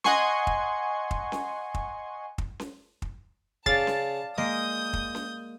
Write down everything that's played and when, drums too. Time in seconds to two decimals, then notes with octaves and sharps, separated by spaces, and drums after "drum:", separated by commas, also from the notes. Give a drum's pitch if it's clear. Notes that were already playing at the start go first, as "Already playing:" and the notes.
0.04 D#5 F#5 G#5 C6 C#6, drum: snare C#4
0.47 drum: kick
1.11 drum: kick
1.32 drum: snare C#4
1.74 drum: kick
2.38 drum: kick
2.60 drum: snare C#4
3.02 drum: kick
3.66 C#3 D5 F5 A5 A6, drum: kick
3.87 drum: snare C#4
4.38 G#3 A#3 D#5 D#6 G6
4.93 drum: kick
5.15 drum: snare C#4